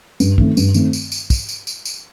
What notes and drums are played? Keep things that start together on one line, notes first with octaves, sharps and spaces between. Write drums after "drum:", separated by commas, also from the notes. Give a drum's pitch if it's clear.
G2, drum: tambourine
D#3 A3 C4, drum: kick
G2, drum: tambourine
D#3 A3 C4, drum: tambourine
drum: tambourine
drum: tambourine
drum: kick, tambourine
drum: tambourine
drum: tambourine
drum: tambourine